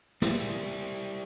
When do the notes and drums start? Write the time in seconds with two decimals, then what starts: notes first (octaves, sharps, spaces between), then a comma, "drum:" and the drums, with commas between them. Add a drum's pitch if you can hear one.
0.22 G3 E4, drum: snare